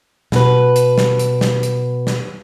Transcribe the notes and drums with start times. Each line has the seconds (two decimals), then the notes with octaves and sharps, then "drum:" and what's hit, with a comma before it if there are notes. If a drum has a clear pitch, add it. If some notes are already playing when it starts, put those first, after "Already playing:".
0.32 B2 B4, drum: snare
0.76 drum: hi-hat
0.98 drum: snare
1.19 drum: hi-hat
1.41 drum: snare
1.63 drum: hi-hat
2.07 drum: snare